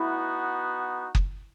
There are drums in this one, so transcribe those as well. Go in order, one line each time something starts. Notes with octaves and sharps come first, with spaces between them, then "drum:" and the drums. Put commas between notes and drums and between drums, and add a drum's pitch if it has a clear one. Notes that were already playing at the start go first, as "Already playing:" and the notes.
Already playing: B3 D#4 E4 F#4
drum: kick F#1